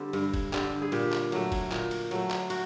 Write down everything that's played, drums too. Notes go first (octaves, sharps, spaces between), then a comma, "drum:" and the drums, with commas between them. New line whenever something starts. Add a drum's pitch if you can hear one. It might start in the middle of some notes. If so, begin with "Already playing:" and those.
Already playing: D3 G3 C4
G2, drum: cymbal
drum: kick, cymbal
D3 G3 C4, drum: clap
G#4
A#2 G4, drum: cymbal
drum: clap
F#3 A3, drum: cymbal
drum: kick, cymbal
A#2, drum: clap
drum: cymbal
F#3 A3, drum: cymbal
drum: clap
F#4, drum: cymbal